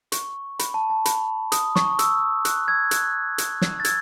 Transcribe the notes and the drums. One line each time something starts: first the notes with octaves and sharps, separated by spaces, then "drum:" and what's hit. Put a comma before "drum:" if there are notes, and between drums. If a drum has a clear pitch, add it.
C#6, drum: hi-hat
B5, drum: hi-hat
A5
A5
B5, drum: hi-hat
D#6, drum: hi-hat
C#6, drum: snare
E6, drum: hi-hat
F#6, drum: hi-hat
E6 G#6
F#6, drum: hi-hat
drum: hi-hat
drum: snare
A6
E6 G#6, drum: hi-hat